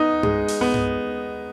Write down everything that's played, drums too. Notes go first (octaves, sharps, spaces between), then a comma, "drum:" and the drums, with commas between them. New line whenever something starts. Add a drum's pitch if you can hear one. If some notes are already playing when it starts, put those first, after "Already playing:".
Already playing: B3 D#4
G#3, drum: tom G2
drum: open hi-hat
B3
drum: tom G2